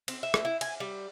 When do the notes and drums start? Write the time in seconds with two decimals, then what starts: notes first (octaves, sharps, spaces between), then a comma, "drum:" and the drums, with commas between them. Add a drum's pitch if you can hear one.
0.08 C4, drum: cymbal
0.23 E5
0.34 drum: rim click
0.45 E4
0.61 G#5, drum: cymbal
0.80 G3